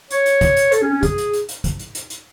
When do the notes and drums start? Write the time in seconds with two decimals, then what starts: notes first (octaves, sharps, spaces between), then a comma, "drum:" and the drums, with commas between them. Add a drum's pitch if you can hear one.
0.11 C#5, drum: hi-hat
0.26 drum: hi-hat
0.41 drum: kick, hi-hat
0.57 drum: hi-hat
0.72 A4, drum: hi-hat
0.82 C#4
0.93 C#4
1.03 G#4, drum: kick, hi-hat
1.18 drum: hi-hat
1.33 drum: hi-hat
1.49 drum: hi-hat
1.64 drum: kick, hi-hat
1.79 drum: hi-hat
1.95 drum: hi-hat
2.10 drum: hi-hat